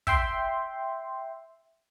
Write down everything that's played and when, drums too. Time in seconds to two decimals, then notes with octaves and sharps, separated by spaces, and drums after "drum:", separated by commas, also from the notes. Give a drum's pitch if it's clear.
0.07 E5 G5 C6, drum: kick